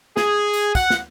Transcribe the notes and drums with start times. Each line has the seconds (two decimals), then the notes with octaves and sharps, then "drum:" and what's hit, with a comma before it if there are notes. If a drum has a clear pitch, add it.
0.17 G#4, drum: snare
0.54 drum: tambourine
0.75 F#5, drum: kick, tambourine
0.90 drum: snare